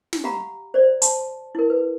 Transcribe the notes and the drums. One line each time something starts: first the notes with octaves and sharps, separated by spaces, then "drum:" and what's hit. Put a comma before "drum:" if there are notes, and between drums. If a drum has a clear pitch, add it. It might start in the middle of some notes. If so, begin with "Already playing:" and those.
drum: snare
G4 F5 F#5 A#5 B5
C5 D5
A5 C6, drum: hi-hat
E4 A#4
B4